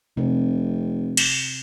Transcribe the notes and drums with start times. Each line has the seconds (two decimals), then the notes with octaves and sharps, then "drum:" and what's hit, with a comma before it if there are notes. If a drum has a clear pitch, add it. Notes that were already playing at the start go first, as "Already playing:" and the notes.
0.17 F1 C3
1.17 drum: cymbal